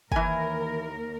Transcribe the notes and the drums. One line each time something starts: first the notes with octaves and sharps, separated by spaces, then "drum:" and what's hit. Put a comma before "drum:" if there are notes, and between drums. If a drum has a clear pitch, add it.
D#2 E3 A#4 G#5, drum: kick